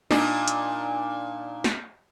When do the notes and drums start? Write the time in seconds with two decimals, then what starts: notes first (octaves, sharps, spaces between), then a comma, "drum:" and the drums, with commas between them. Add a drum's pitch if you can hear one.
0.11 A#2 D4 D#4, drum: snare
0.48 drum: hi-hat
1.64 drum: snare